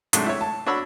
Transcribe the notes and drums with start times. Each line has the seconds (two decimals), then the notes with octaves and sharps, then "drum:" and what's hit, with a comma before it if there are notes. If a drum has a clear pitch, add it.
0.13 G#2 C3 F#3 A3 D4, drum: hi-hat
0.26 E4 C#5
0.41 A5
0.66 D4 F#4 C#5 B5 E6